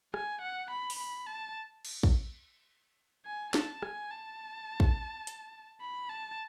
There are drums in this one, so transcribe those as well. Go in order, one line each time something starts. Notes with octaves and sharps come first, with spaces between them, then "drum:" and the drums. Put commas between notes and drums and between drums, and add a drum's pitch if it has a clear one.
G#5, drum: rim click
F#5
B5
drum: open hi-hat
B5
A5
drum: cymbal
drum: kick
G#5
A5, drum: snare
G#5, drum: rim click
A5
drum: kick
drum: hi-hat
B5
A5